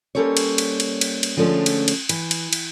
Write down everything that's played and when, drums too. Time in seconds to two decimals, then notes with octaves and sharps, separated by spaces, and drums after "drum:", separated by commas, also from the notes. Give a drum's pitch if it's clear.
0.15 G3 A#3 C#4 A4 C5 C#5
0.37 drum: cymbal
0.58 drum: cymbal
0.80 drum: cymbal
1.01 drum: cymbal
1.23 drum: cymbal
1.37 D3 F3 G#3 A3 C4 C#4
1.66 drum: cymbal
1.88 drum: cymbal
2.09 E3, drum: cymbal
2.31 drum: cymbal
2.53 drum: cymbal